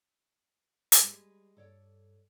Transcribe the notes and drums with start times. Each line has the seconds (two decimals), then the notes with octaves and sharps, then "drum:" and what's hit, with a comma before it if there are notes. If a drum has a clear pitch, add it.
0.92 drum: hi-hat
1.02 G3 G#3 B4
1.57 G2 A4 C#5 D5